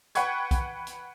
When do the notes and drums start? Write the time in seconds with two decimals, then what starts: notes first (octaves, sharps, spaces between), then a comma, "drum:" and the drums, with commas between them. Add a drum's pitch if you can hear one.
0.15 B4 F#5 G5 C#6 G#6, drum: hi-hat
0.51 drum: kick, hi-hat
0.87 drum: hi-hat